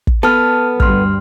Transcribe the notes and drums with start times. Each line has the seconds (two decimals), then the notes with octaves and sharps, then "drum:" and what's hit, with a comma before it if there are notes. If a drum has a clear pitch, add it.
0.07 drum: kick
0.23 B3 A4 A5 F6
0.80 D2 G2 G3 C6 F6, drum: kick